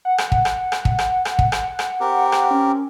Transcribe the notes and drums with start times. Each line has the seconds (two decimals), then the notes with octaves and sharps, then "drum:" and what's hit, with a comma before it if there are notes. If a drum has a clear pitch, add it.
0.05 F#5
0.18 drum: rim click
0.32 drum: kick
0.45 drum: rim click
0.72 drum: rim click
0.85 drum: kick
0.99 drum: rim click
1.25 drum: rim click
1.39 drum: kick
1.52 drum: rim click
1.79 drum: rim click
2.00 C4 G4 A#4
2.32 drum: rim click
2.51 C#4